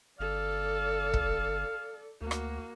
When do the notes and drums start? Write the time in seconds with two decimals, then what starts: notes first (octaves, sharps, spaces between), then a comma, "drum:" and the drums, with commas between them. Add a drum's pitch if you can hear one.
0.20 G1 A4 D5 F5
1.13 drum: kick
2.21 D2 A#3 F#4
2.31 drum: rim click